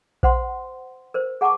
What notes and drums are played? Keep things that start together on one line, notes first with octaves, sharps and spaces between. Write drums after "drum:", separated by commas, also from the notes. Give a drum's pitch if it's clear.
C5 F#5 C6, drum: kick A#1
A#4 C5
G#4 F#5 A5 A#5 C#6 D6